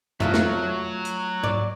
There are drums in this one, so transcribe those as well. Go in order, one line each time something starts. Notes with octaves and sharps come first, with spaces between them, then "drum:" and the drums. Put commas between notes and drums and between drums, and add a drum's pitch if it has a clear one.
F#3 A3 F4 F#4 E5, drum: tom F2
drum: snare
drum: hi-hat
D5, drum: tom G#2